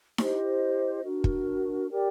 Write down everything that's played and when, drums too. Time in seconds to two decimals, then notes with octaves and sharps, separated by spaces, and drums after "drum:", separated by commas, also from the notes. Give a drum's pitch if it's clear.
0.18 E4 G4 C5 D#5, drum: snare D#4
1.04 D4 F#4 A#4
1.24 drum: kick
1.91 G4 A#4 D5 G5